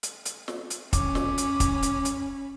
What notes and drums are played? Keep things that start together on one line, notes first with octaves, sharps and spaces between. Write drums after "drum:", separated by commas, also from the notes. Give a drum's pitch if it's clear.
drum: hi-hat
drum: hi-hat
drum: snare
drum: hi-hat
C#4 B5 D6, drum: kick, hi-hat
drum: snare
drum: hi-hat
drum: kick, hi-hat
drum: hi-hat
drum: hi-hat